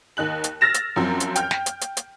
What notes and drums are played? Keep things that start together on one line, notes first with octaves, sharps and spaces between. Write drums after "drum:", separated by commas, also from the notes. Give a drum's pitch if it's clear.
D#2 D#4 F#6 F#7
drum: hi-hat
E6 F6 A6 A#6 E7
drum: hi-hat
F#2 F3 F#3 C4
drum: hi-hat
G5 F6 G6, drum: hi-hat
drum: snare
drum: hi-hat
drum: hi-hat
drum: hi-hat